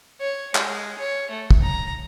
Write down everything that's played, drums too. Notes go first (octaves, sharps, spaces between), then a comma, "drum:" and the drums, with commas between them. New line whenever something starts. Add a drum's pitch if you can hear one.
C#5
G#3, drum: clap
C#5
A3
drum: kick
A#5